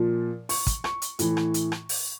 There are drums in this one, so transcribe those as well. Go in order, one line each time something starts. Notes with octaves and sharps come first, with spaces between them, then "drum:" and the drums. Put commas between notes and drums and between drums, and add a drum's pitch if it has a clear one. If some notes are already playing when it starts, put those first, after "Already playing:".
Already playing: A#2 F3
C#6, drum: open hi-hat
drum: kick, hi-hat
C#6, drum: rim click
drum: hi-hat
A2 E3, drum: hi-hat
drum: rim click
drum: hi-hat
drum: rim click
drum: open hi-hat